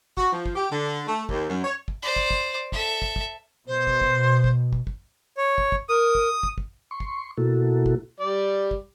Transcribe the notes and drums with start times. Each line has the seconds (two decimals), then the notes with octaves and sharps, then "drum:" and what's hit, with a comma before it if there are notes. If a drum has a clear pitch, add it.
0.17 F#4, drum: kick
0.31 F3
0.46 drum: kick
0.55 G4
0.71 D3
1.07 A3
1.29 D#2, drum: kick
1.50 F#2
1.64 C#5
1.88 drum: kick
2.03 C5 D5
2.16 drum: kick
2.31 drum: kick
2.72 A4 E5, drum: kick
3.02 drum: kick
3.16 drum: kick
3.67 B2 C5
3.87 drum: kick
4.01 drum: kick
4.44 drum: kick
4.73 drum: kick
4.87 drum: kick
5.37 C#5
5.58 drum: kick
5.72 drum: kick
5.89 A#4 D#6
6.15 drum: kick
6.43 drum: kick
6.58 drum: kick
6.91 C6 C#6
7.00 drum: kick
7.37 B2 A#3 E4 F#4 A4
7.86 drum: kick
8.20 G3 D5
8.71 drum: kick